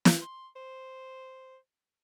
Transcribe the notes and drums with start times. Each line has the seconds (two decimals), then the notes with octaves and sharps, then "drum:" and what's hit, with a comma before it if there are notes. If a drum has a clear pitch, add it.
0.05 drum: snare
0.22 C6
0.56 C5